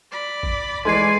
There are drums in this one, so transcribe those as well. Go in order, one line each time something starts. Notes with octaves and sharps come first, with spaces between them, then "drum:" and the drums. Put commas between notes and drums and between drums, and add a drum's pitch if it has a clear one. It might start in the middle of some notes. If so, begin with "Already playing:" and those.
D5 B5
drum: kick
E3 G#3 A3 D5 G#5 C6 G#6 C7